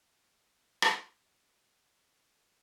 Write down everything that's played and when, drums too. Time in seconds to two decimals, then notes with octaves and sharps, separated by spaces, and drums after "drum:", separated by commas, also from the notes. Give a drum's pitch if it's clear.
0.14 B3 C4 F4
0.82 drum: rim click
1.24 C4 E4 G4 A#4 D5